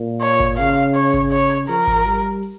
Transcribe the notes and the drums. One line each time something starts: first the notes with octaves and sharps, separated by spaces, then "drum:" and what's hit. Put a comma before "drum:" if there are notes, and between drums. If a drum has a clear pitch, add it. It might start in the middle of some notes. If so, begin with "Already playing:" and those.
Already playing: A#2
C#5, drum: open hi-hat
drum: kick G#1
C#3 F5, drum: hi-hat
C#5, drum: open hi-hat
drum: kick G#1, open hi-hat
C#5, drum: hi-hat
F3 A#4
drum: kick G#1, open hi-hat
G3, drum: hi-hat
drum: open hi-hat